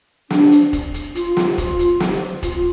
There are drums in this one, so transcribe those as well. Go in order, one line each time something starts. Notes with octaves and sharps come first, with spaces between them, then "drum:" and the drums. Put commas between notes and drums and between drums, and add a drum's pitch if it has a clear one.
D4, drum: snare
drum: hi-hat
drum: kick F1, hi-hat
drum: hi-hat
F4, drum: hi-hat
drum: snare
F4, drum: kick F1, hi-hat
drum: hi-hat
drum: snare
F4, drum: kick F1, hi-hat